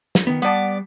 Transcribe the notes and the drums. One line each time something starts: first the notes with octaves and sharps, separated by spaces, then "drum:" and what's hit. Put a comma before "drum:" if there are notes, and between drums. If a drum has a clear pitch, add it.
drum: snare
D#3 B3
G3 B3 D5 A5